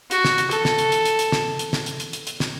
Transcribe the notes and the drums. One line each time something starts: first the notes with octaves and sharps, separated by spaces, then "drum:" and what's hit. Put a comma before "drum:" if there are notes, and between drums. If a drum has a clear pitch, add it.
F#4, drum: hi-hat
drum: snare
drum: hi-hat
A4, drum: hi-hat
drum: snare
drum: hi-hat
drum: hi-hat
drum: hi-hat
drum: hi-hat
drum: snare
drum: hi-hat
drum: snare
drum: hi-hat
drum: hi-hat
drum: hi-hat
drum: hi-hat
drum: snare